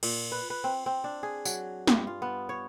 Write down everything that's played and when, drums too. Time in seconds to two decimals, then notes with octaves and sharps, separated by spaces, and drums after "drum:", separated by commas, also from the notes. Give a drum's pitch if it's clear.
0.03 A#2, drum: cymbal
0.32 B4
0.50 B4
0.64 C4
0.86 C4
1.04 D4
1.23 G#4
1.45 F#3, drum: tambourine
1.87 G2, drum: snare
2.07 F4
2.22 B3
2.49 C#5